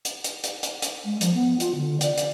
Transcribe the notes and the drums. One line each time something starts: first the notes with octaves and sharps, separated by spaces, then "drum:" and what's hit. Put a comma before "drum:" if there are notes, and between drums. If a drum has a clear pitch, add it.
drum: hi-hat
drum: hi-hat
drum: hi-hat
drum: hi-hat
drum: hi-hat
G#3
F3, drum: hi-hat
B3
F4, drum: hi-hat
D3
D5, drum: hi-hat
drum: hi-hat